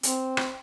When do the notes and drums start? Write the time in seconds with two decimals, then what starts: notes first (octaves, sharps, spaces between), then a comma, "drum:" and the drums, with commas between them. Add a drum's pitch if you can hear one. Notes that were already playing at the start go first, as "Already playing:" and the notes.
0.03 C4, drum: hi-hat
0.37 drum: rim click